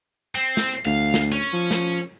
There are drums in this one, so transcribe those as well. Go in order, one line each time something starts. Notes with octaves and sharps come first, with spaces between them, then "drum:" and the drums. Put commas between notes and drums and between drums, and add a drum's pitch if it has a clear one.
C4
drum: snare
D2 F5
drum: snare
C#4
F3
drum: snare